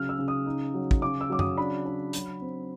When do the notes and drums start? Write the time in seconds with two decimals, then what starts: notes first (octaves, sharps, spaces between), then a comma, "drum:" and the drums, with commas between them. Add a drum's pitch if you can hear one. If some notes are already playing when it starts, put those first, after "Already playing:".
Already playing: C#3 F#3 F6
0.09 E6
0.18 C#3
0.28 D#6
0.46 D#4
0.74 F#3
0.91 drum: kick
1.02 C#3 D6
1.21 E6
1.30 F#3 D6
1.39 D#6, drum: tom F#2
1.57 D4 B5
1.86 D4
2.13 F#3, drum: hi-hat
2.41 C4